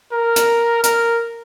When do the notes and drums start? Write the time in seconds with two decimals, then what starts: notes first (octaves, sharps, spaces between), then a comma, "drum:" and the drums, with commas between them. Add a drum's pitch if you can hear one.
0.12 A#4
0.36 drum: hi-hat
0.84 A#4, drum: hi-hat